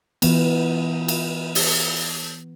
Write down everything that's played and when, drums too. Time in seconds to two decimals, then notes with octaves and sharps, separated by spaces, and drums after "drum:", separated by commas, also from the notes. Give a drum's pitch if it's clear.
0.22 E3 B3, drum: cymbal
1.08 drum: cymbal
1.55 drum: open hi-hat